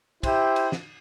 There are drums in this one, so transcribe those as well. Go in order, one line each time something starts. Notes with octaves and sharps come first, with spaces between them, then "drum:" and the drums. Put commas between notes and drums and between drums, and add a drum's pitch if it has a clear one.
E4 G4 C5 E5 G5, drum: kick, cymbal
drum: cymbal
drum: snare